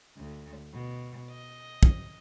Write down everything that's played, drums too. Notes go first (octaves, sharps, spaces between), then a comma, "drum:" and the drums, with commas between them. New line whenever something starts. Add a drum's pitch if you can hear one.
D2
B2
D#5
drum: kick